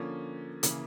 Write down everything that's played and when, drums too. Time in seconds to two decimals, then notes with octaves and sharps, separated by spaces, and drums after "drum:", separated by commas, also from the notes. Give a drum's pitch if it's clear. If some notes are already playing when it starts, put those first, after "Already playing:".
Already playing: D3 F3 A#3 C#4
0.63 C#3 E3 A#3, drum: hi-hat